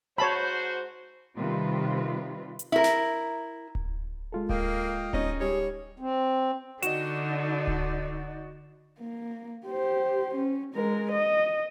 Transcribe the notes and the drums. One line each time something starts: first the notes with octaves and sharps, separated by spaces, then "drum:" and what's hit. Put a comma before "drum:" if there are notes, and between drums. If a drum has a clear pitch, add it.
G#2 F#4 C5 C#5 A5 B5
C3 D#3 G3 C4 F4 B4
drum: hi-hat
E4 A#4
drum: snare
drum: kick D1
G#3 F4 A4
A#3 D#5 F5 G5, drum: kick D1
C#4 D#4 D#5, drum: kick D1
G3 D#4 G#4 C#5
C4
D3 D#4 F#4 D5 D#5 E7, drum: hi-hat
drum: kick D1
A#3
G4 C5
C#4
G#3 A#4
D#5